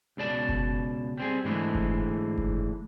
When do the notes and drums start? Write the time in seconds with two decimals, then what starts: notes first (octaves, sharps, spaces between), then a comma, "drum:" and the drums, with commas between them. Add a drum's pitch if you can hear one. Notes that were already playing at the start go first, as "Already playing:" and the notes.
0.17 C#2 B2 D5 A5
0.49 drum: kick F#1
1.18 G3 C4 G#4
1.44 G#2 D3 E3 G#3 A3
1.75 drum: kick F#1
2.38 drum: kick F#1